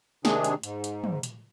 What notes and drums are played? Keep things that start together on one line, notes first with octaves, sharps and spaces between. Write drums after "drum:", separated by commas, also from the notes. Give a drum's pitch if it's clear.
C3 D#3 D4 G#4, drum: snare
drum: hi-hat
G#2, drum: hi-hat
drum: hi-hat
drum: tom
drum: hi-hat